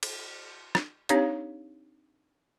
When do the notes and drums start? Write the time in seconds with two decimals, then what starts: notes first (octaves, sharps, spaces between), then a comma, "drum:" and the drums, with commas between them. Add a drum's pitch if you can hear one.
0.03 drum: cymbal
0.75 drum: rim click
1.09 C4 D4 D#4 G4 C#5 F5, drum: hi-hat